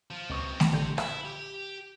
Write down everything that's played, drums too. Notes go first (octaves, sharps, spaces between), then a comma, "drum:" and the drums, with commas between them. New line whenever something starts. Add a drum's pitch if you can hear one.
F3
C#2 B2 C4 C#6 D#6
drum: snare A3
A#1 D3 G4 C6 G6
E4, drum: rim click
G4